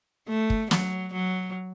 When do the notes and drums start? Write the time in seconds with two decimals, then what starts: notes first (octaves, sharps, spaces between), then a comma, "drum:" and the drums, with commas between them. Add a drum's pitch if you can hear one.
0.28 A3
0.50 drum: kick
0.71 F#3, drum: snare
1.14 F#3